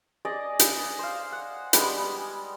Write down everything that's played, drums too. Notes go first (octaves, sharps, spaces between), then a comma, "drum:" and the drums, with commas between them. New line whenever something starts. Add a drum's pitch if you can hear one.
G#4 D5 D#5 D6
drum: hi-hat
C5 F5
F#5
G3 G#3 B3, drum: hi-hat